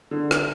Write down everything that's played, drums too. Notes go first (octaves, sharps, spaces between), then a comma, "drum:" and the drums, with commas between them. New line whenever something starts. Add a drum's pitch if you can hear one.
D3
drum: rim click